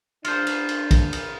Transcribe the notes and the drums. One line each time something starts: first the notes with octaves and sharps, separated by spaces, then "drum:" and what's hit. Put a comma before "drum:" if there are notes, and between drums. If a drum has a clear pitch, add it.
D4 F4 C5, drum: cymbal
drum: cymbal
drum: cymbal
drum: kick, cymbal
drum: cymbal